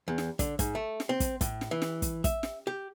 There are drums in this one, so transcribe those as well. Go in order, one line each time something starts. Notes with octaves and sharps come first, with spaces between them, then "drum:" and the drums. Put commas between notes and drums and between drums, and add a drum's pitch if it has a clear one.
E2
drum: snare
D3, drum: kick, hi-hat
G#2, drum: kick, hi-hat
A3
drum: snare
C4
drum: kick, hi-hat
A2, drum: kick, hi-hat
drum: snare
E3
drum: snare
drum: kick, hi-hat
E5, drum: kick, hi-hat
drum: snare
G4